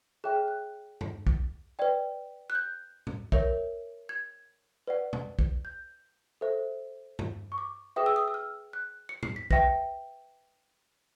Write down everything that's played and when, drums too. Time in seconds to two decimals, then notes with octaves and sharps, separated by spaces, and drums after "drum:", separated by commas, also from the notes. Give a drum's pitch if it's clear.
0.24 G#4 C#5 E5 G5 F#6
0.36 F6
0.48 F#6
1.01 drum: tom G2
1.27 drum: kick
1.79 B4 D5 G5
2.50 F#6
2.55 G6
3.07 drum: tom A2
3.32 A#4 C#5 E5, drum: kick
4.09 G#6
4.87 B4 D5 F#5
5.13 drum: tom A#2
5.39 drum: kick
5.65 G6
6.41 A4 C5 E5
7.19 drum: tom G2
7.52 C#6
7.58 D6
7.96 G#4 B4 E5 G5 D#6
8.06 E6
8.16 D#6
8.28 E6
8.34 F6
8.73 F#6
9.09 C#7
9.23 C7, drum: tom A2
9.36 B6
9.51 B4 E5 G5 A#6, drum: kick